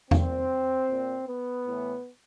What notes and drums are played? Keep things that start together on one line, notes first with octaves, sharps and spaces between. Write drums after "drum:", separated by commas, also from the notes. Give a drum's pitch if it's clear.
A#2 C4, drum: tom E2
A#2
B3
A2 E3